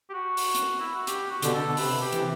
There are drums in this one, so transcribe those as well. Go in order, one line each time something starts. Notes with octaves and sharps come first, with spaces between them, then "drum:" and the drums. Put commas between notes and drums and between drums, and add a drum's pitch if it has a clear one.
G4
F#4
drum: open hi-hat
drum: hi-hat
E4
F#4
G4, drum: hi-hat
F#4
B2 D3 G4, drum: hi-hat
A4
C3 B4, drum: open hi-hat
G4
C3 E3, drum: hi-hat